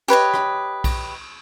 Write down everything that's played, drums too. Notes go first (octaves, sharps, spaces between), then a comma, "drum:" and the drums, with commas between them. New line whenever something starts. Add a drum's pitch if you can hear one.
G4 B4 C#5 D#5
drum: rim click
drum: kick B1, cymbal